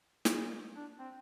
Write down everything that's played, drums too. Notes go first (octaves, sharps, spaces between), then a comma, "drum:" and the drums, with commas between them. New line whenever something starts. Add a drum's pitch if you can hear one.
drum: snare
D4
C4